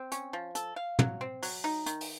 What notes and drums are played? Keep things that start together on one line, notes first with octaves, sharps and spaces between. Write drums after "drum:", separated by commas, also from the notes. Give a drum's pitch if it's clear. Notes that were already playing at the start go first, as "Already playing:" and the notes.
Already playing: C4
C#4, drum: hi-hat
F3
A4, drum: hi-hat
F5
F#3, drum: tom
C4
F#3, drum: open hi-hat
D#4
D#3, drum: hi-hat
drum: open hi-hat